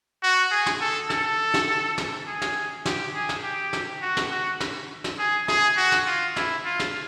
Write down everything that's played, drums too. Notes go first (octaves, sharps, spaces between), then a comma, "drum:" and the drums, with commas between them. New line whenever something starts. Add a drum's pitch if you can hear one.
F#4
G#4
drum: snare
A4
A4, drum: snare
drum: snare
drum: snare
G#4
drum: snare
G4, drum: snare
G#4
drum: snare
G4
drum: snare
F#4
drum: snare
F#4
drum: snare
drum: snare
G#4
G#4, drum: snare
F#4
drum: snare
F4
E4, drum: snare
F4
drum: snare